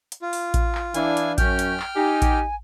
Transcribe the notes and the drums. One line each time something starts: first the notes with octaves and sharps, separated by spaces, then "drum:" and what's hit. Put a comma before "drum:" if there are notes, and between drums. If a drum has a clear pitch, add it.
drum: hi-hat
F4
drum: open hi-hat
drum: kick A1, hi-hat
drum: clap
E3 D4 E4 F5 G#5, drum: hi-hat
drum: hi-hat
F#2 C#4 G5 F6 G6, drum: kick A1, hi-hat
drum: hi-hat
drum: clap
D#4 G4 G#5
drum: kick A1, hi-hat